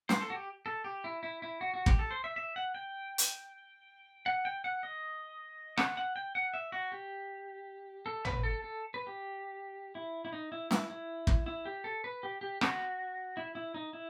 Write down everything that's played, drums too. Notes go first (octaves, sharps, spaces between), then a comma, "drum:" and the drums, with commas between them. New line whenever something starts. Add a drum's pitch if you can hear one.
C5, drum: snare
A4
F#4
G4
A4
G4
E4
E4
E4
F#4
F#4
G4, drum: kick
A4
C5
E5
E5
F#5
G5
drum: hi-hat
F#5
G5
F#5
D#5
F#5, drum: rim click
F#5
G5
F#5
E5
F#4
G4
A4
B4, drum: tom
A4
A4
B4
G4
E4
E4
D#4
E4
E4, drum: snare
E4
drum: kick
E4
G4
A4
B4
G4
G4
F#4, drum: rim click
E4
E4
D#4
E4